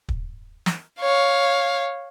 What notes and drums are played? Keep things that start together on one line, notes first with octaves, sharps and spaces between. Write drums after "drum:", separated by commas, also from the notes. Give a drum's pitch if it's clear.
drum: kick
drum: snare
C#5 F5